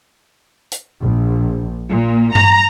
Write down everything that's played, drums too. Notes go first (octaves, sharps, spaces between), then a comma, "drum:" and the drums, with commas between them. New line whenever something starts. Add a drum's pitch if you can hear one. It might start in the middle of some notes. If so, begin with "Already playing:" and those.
drum: hi-hat
A#1
A#2
A#5, drum: tom G2